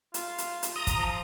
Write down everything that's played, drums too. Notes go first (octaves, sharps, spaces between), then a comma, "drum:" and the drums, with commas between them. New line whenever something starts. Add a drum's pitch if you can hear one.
F4, drum: hi-hat
drum: hi-hat
drum: hi-hat
A#5 D#6
drum: kick, hi-hat
F3